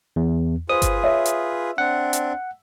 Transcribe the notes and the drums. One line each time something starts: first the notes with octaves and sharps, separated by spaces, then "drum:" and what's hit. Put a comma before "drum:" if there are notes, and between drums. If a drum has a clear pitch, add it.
E2
F4 G#4 B4 C5 D#6
drum: kick G1, hi-hat
C#5 E5
drum: hi-hat
C4 D4 F#5
drum: hi-hat